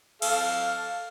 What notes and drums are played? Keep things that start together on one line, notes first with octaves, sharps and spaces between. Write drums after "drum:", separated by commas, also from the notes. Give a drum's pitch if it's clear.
A4 F5, drum: cymbal